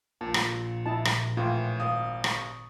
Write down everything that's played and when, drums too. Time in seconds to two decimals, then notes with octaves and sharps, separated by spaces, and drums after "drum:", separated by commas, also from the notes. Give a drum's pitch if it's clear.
0.21 A#1 A#2 A5
0.34 drum: rim click
0.86 E4 D#5 A5
1.05 drum: rim click
1.37 A2 E3 F4
1.79 G#1 F5 D#6
2.24 C#6, drum: rim click